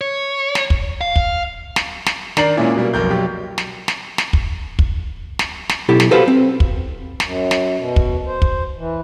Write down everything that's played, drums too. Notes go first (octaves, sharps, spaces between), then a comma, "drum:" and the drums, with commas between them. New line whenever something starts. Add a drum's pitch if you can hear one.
C#5
drum: snare
drum: kick
F5
drum: kick
drum: snare
drum: snare
D#3 D4 D5 A#5 C7 F#7, drum: snare
A#2 G#3 A#3 C#4 E4
B2 F#3 G3 A#3
F1 B1 A#4 G6
B1 F#3 G4
drum: snare
drum: snare
drum: snare
drum: kick
drum: kick
drum: snare
drum: snare
B1 E4 G4 A4
drum: snare
F#4 G4 A4 B4 C5 F5
C4
drum: kick
F#2, drum: snare
drum: snare
B2
drum: kick
C5
drum: kick
E3